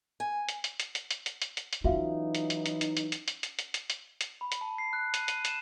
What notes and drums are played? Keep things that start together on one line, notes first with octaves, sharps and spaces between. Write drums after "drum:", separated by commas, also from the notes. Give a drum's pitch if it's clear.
G#5
drum: hi-hat
drum: hi-hat
drum: hi-hat
drum: hi-hat
drum: hi-hat
drum: hi-hat
drum: hi-hat
drum: hi-hat
drum: hi-hat
E3 F#3 C#4 D#4 F4 F#4 E5 F5
drum: hi-hat
drum: hi-hat
drum: hi-hat
drum: hi-hat
drum: hi-hat
drum: hi-hat
drum: hi-hat
drum: hi-hat
drum: hi-hat
drum: hi-hat
drum: hi-hat
drum: hi-hat
B5
drum: hi-hat
A5
C7
F#6
D#7, drum: hi-hat
D#7, drum: hi-hat
E7, drum: hi-hat